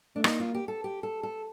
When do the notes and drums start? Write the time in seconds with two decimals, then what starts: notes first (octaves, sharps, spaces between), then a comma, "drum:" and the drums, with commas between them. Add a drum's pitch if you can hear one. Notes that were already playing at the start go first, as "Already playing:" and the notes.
0.15 A3 D4
0.24 A#3 D#4, drum: rim click
0.40 F4
0.54 G4
0.68 A4
0.84 G4
1.03 A4
1.23 A4